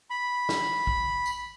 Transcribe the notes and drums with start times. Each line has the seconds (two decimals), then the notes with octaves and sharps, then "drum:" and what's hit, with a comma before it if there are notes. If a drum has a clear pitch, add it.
0.10 B5
0.49 drum: snare
0.87 drum: kick
1.26 drum: tambourine